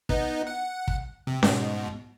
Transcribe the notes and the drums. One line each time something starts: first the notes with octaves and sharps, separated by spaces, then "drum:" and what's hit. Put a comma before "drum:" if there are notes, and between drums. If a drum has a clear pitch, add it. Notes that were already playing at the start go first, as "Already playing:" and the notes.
B3 D#4, drum: kick
F#5
drum: kick
C3
G#2 B2, drum: snare C#4